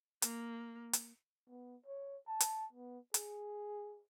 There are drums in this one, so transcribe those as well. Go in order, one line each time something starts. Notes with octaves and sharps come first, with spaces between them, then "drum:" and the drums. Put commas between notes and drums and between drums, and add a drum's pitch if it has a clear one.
A#3, drum: hi-hat
drum: hi-hat
B3
C#5
A5
drum: hi-hat
B3
G#4, drum: hi-hat